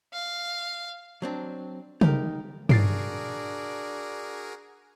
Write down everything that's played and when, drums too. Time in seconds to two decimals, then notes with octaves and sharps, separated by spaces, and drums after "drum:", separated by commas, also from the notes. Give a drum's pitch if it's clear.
0.13 F5
1.22 F#3 C4 D4
2.01 D#4 G4 A#4, drum: tom
2.69 D4 F#4 G#4 A#4 D5 A6 C7 D7, drum: tom